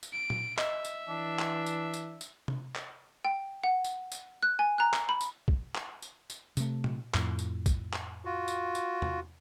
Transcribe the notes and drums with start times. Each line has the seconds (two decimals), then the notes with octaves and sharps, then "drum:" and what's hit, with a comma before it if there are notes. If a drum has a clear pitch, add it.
0.03 drum: tambourine
0.13 D7
0.30 drum: tom A#2
0.58 D#5 E5, drum: clap
0.85 drum: tambourine
1.09 E3 D4
1.39 drum: clap
1.66 drum: tambourine
1.94 drum: tambourine
2.21 drum: tambourine
2.48 drum: tom C3
2.75 drum: clap
3.25 G5
3.64 F#5
3.84 drum: tambourine
4.12 drum: tambourine
4.43 F#6
4.59 G#5
4.78 A#5 F#6
4.93 drum: clap
5.09 B5
5.21 drum: tambourine
5.48 drum: kick
5.75 drum: clap
6.02 drum: tambourine
6.30 drum: tambourine
6.57 C3 A3, drum: tambourine
6.84 drum: tom A#2
7.14 F2 A2, drum: clap
7.39 drum: tambourine
7.66 drum: kick, tambourine
7.93 drum: clap
8.25 F4 F#4
8.48 drum: tambourine
8.75 drum: tambourine
9.02 drum: tom E2